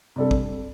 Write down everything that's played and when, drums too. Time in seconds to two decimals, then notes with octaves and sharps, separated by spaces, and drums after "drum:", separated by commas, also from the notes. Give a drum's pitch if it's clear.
0.16 C3 G3 D4 A4
0.31 drum: kick